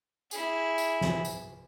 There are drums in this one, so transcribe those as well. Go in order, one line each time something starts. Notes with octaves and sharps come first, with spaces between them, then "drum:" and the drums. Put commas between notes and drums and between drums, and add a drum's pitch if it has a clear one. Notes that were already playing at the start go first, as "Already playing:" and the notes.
E4 G#4, drum: tambourine
drum: tambourine
drum: snare
drum: tambourine